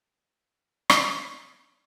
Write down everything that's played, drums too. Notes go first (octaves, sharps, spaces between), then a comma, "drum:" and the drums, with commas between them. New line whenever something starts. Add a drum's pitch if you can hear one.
G#4 A#4 C#5 D5 F5
drum: rim click